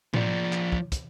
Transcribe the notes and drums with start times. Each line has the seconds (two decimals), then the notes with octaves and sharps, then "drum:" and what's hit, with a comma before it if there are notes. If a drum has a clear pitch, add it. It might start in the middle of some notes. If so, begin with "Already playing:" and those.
0.14 F3 D5, drum: tom A2
0.53 drum: clap
0.72 drum: kick
0.92 drum: kick, hi-hat